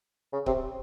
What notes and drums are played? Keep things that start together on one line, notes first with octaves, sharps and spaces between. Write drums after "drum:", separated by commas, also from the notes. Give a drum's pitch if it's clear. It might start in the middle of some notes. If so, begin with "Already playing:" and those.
C#3
C3, drum: kick C#1